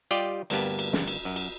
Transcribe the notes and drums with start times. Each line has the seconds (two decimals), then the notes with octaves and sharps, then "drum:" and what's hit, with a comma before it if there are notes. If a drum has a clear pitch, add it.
0.11 G3 F4 G4 D5 D#5 G5
0.50 D2 G2 A#3 B3 G4 A5, drum: cymbal
0.79 drum: cymbal
0.93 drum: snare
1.07 drum: cymbal
1.25 F#2
1.36 drum: cymbal